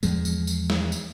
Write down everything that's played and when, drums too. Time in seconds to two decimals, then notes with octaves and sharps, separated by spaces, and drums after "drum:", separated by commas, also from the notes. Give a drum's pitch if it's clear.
0.03 E2 F3 G#3, drum: tambourine
0.25 drum: tambourine
0.47 drum: tambourine
0.70 drum: snare
0.92 drum: tambourine